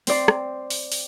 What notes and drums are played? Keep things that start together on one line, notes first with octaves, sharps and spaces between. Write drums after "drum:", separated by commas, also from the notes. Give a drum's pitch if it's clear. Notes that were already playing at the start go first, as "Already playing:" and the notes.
C4 C5 D5 C6, drum: open hi-hat
drum: rim click
drum: open hi-hat
drum: open hi-hat